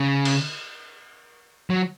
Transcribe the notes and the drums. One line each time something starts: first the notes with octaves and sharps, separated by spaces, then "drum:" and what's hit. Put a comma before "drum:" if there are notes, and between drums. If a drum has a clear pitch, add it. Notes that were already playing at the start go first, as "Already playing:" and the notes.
Already playing: C#3
drum: cymbal
F#3